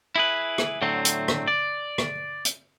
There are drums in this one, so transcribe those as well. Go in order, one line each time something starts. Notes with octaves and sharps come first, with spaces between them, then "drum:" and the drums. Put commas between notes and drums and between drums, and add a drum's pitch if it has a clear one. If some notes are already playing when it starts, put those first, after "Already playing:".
E4 G#4 B4
drum: rim click
A2 D3 F#3 A3 C4
drum: hi-hat
drum: rim click
D5
drum: rim click
drum: hi-hat